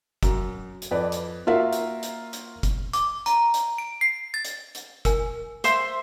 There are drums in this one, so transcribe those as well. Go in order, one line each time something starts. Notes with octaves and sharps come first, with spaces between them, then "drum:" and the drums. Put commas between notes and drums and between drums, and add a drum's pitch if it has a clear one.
F#2, drum: kick, hi-hat
drum: hi-hat
F2 B4 D5
drum: hi-hat
A#3 F4 F#4 A#4 E5 F5
drum: hi-hat
drum: hi-hat
drum: hi-hat
drum: kick, hi-hat
D6, drum: hi-hat
A#5, drum: hi-hat
drum: hi-hat
D7
C7
A6
drum: hi-hat
drum: hi-hat
A#4 G#5, drum: kick, hi-hat
C5 E5 C6, drum: hi-hat